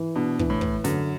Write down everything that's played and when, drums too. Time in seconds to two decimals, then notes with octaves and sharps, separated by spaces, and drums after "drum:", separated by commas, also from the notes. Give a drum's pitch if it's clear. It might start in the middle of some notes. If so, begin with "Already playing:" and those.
Already playing: E3
0.15 B2 D4
0.39 E3, drum: kick
0.50 A2
0.61 B4, drum: kick
0.84 F#2 D3, drum: snare